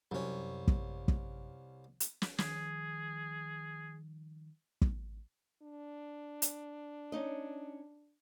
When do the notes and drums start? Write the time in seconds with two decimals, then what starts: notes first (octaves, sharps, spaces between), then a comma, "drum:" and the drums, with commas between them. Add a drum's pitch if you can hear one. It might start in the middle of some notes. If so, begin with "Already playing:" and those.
0.11 C2 F#2 C#4
0.68 drum: kick
1.08 drum: kick
2.00 drum: hi-hat
2.22 drum: snare
2.38 D#3 F3 G3 G#4, drum: snare
4.81 drum: kick
5.63 D4
6.42 drum: hi-hat
7.12 C#4 D#4 D#5